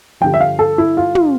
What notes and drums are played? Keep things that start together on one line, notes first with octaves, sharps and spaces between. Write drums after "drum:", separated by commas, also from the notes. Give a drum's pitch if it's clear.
G2 D3 F3 G5
E5
F5
A4
E4
F4
drum: tom